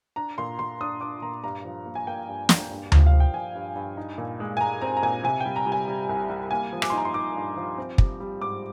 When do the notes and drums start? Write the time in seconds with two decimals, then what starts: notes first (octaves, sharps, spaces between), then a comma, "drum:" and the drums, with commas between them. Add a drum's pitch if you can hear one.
0.16 D4 A#5
0.38 A#2 C6
0.59 A#2 C6
0.81 D4 D#6
1.01 D4 D6
1.22 A#2 A#5
1.44 G2 A#5
1.64 F3
1.86 A#3
1.95 G#5
2.07 A#3 G5
2.28 G2
2.49 A#3, drum: snare
2.70 G2
2.92 F3, drum: tom D2
3.06 F5
3.13 F3
3.20 G5
3.33 F3 G#5
3.55 G2
3.75 G2
3.97 D#4
4.18 A#2
4.40 G#3
4.57 G#5
4.61 G#3 A#5
4.81 C4 A#5
4.97 A#5
5.03 A#2 G#5
5.23 C3 G#5
5.40 G3 G5
5.56 A#5
5.66 G3
5.72 G#5
5.88 G3
6.09 C2
6.30 G3
6.51 A#3 G#5
6.72 F3
6.82 D6, drum: rim click
6.90 C6
6.93 D#4 A#5
7.05 C6
7.14 D#4 D6
7.36 G2
7.56 F3
7.78 C4
7.98 G3, drum: kick
8.20 G3
8.41 G#2 D6